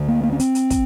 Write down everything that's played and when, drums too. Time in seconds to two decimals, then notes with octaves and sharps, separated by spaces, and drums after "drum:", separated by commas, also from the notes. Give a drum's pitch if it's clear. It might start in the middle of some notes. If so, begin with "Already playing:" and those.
Already playing: D2 D3
0.08 A#3
0.23 A#3
0.32 C#4
0.40 C4, drum: hi-hat
0.55 drum: hi-hat
0.70 drum: kick, hi-hat